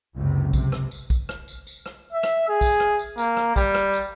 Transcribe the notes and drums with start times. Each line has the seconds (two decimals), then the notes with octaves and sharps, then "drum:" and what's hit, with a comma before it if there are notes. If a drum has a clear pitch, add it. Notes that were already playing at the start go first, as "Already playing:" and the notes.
0.17 F#1 C#2 C3
0.53 C3, drum: kick B1, tambourine
0.72 drum: rim click
0.91 drum: tambourine
1.10 drum: kick B1, tambourine
1.29 drum: rim click
1.48 drum: tambourine
1.67 drum: tambourine
1.86 drum: rim click
2.13 E5
2.23 drum: rim click
2.49 G#4
2.61 drum: kick B1, tambourine
2.80 drum: rim click
2.99 drum: tambourine
3.18 A#3, drum: tambourine
3.37 drum: rim click
3.56 G3, drum: kick B1, tambourine
3.75 drum: rim click
3.93 drum: tambourine